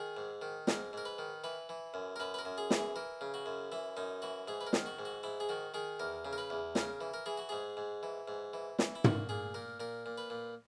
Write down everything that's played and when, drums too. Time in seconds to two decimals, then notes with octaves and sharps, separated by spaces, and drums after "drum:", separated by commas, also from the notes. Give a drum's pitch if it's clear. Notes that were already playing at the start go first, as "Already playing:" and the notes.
Already playing: D#3 G#4
0.17 G#2
0.42 D#3
0.67 G#2 A#4, drum: snare
0.93 G#2 A#4
1.05 B4
1.18 D#3
1.44 E3 B4
1.69 E3
1.94 F#2
2.16 A#4
2.20 F#2 B4
2.34 B4
2.39 A#4
2.45 F#2
2.58 G#4
2.71 E3, drum: snare
2.76 G#4
2.96 E3 A#4
3.21 C#3
3.34 F#4
3.46 F#2
3.72 E3 E4
3.97 F#2 D#4
4.22 E3 F#4
4.48 G#2 G#4
4.61 B4
4.67 A#4
4.73 D#3, drum: snare
4.86 F#4
4.99 G#2
5.05 F#4
5.23 G#2 E4
5.40 G#4
5.49 D#3 F#4
5.74 D#3 G#4
6.00 E2 A#4
6.25 C#3
6.33 A#4
6.38 B4
6.50 E2
6.75 C#3 A#4, drum: snare
7.01 E3
7.14 A#4
7.26 E3 G#4
7.37 F#4
7.49 G#2 G#4
7.77 G#2
8.03 E3
8.28 G#2
8.53 E3
8.79 E3, drum: snare
8.95 E4
9.04 A#2 F#4, drum: tom
9.29 A#2 G#4
9.54 A#2 A#4
9.80 A#2 A#4
10.06 A#2
10.18 B4
10.30 A#2